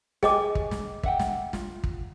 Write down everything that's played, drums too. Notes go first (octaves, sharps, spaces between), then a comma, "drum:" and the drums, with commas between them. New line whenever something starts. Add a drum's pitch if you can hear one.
G#4 D#5 G5 G#5 D6, drum: snare
drum: kick
drum: snare
E5 F#5 G5, drum: kick
drum: snare
F4, drum: snare
drum: kick